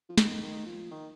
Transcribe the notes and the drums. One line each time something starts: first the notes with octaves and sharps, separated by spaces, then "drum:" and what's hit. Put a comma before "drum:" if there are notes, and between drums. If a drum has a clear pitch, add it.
F3
D#3, drum: snare
D#3
F3
D#3